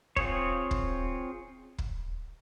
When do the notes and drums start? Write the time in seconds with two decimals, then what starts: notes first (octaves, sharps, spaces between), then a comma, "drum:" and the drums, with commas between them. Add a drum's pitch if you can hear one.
0.16 C4 F4 G#4 C#5, drum: kick
0.71 drum: kick
1.78 drum: kick